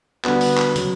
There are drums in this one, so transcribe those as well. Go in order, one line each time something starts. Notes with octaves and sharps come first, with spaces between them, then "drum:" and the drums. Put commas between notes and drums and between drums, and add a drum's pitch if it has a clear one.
D3 G3 B3 D4 F#4, drum: clap
drum: open hi-hat
drum: clap
C#3 F#3, drum: hi-hat